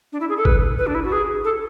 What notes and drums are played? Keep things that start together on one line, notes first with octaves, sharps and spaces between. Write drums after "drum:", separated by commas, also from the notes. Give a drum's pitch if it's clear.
D4
E4
G#4
A4
B4, drum: kick G1
B4
D4
E4
F#4
G#4
A4